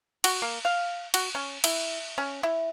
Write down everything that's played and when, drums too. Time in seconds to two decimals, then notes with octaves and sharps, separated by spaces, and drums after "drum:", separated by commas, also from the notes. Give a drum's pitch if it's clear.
0.24 F#4, drum: cymbal
0.42 A#3
0.65 F5
1.14 F#4, drum: cymbal
1.35 C#4
1.64 E4, drum: cymbal
2.18 C#4
2.43 E4